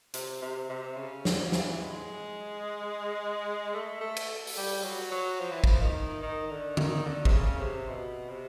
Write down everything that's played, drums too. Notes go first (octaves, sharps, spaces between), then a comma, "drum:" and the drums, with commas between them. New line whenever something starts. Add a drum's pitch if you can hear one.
C3, drum: hi-hat
C3
C3
C#3
F3, drum: snare
E3, drum: snare
G#3
A3
A3
drum: cymbal
drum: open hi-hat
G3
F#3
F#3
F3
E3
F3, drum: kick
D#3
D#3
D3
D#3, drum: tom D3
D3
C3, drum: kick
C#3
C3
B2
C3